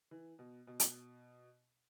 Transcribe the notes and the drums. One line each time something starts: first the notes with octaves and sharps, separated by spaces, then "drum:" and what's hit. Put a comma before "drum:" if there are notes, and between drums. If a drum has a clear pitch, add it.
E3
B2
B2
drum: hi-hat